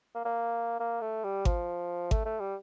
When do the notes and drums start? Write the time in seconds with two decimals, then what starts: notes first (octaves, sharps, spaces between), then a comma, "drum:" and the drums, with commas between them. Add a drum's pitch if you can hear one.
0.15 A#3
0.25 A#3
0.80 A#3
1.01 A3
1.24 G3
1.45 F3, drum: kick G#1
2.11 A3, drum: kick G#1
2.25 A3
2.40 G3